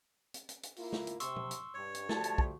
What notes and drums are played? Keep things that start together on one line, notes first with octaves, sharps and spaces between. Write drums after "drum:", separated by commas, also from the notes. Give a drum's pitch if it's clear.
drum: hi-hat
drum: hi-hat
drum: hi-hat
A#3 E4 F4, drum: open hi-hat
drum: snare
drum: hi-hat
C3 C6 C#6 E6, drum: hi-hat
drum: tom
drum: hi-hat
G2 C#5
drum: hi-hat
F3 G3 A3 F#4 A5, drum: snare
drum: hi-hat
drum: kick